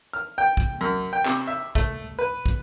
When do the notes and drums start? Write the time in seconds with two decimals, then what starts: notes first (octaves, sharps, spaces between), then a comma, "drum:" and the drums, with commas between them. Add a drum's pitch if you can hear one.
0.13 F6
0.38 G5
0.57 drum: kick
0.81 F#2
1.13 G5
1.26 C3, drum: clap
1.47 E5
1.75 A3, drum: kick
2.19 B4
2.46 drum: kick